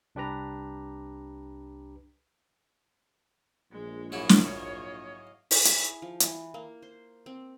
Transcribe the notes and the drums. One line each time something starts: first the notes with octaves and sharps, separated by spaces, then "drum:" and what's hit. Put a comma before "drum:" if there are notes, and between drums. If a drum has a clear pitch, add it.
C2 D4 G4 B4 A#5
A#1 G#3
G#2 F#3 E4 C#5 D#5 F5
drum: snare
E4, drum: open hi-hat
G#4, drum: hi-hat
F3
E3, drum: hi-hat
A#3
C5
C4